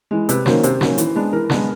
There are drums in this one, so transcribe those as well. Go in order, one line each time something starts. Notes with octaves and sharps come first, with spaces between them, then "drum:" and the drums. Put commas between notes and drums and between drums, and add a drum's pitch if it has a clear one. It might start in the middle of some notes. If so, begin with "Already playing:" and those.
E3 G#3
C3 B4, drum: hi-hat
D#3 F#3 A#3 C#4 C5, drum: snare
C3 C5, drum: hi-hat
D#3 F#3 A#3 C#4, drum: snare
E3, drum: hi-hat
G#3 B3 D4
E3 A#4
G#3 B3 D4, drum: snare